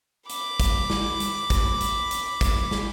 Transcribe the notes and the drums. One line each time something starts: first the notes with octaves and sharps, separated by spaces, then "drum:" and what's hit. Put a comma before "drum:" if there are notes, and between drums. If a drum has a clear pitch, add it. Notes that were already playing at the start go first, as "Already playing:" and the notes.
B5 D6, drum: hi-hat
drum: kick, hi-hat
drum: snare
drum: hi-hat
drum: kick, hi-hat
drum: hi-hat
drum: hi-hat
drum: kick, hi-hat
drum: snare